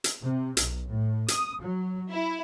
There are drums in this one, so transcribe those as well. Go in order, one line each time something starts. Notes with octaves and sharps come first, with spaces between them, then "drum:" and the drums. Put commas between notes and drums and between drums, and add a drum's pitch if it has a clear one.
drum: hi-hat
C3
B1, drum: hi-hat
A2
D#6, drum: hi-hat
F#3
E4